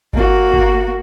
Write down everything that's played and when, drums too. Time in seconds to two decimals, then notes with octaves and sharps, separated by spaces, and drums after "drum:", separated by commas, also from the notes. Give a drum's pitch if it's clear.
0.13 A#3 F#4, drum: kick G1
0.54 drum: kick G1